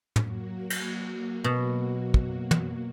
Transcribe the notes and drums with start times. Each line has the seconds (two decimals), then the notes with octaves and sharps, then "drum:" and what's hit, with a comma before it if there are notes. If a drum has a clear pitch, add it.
0.16 F#3 A#3 F#4, drum: tom
0.70 drum: cymbal
1.44 B2
2.14 drum: kick
2.51 drum: tom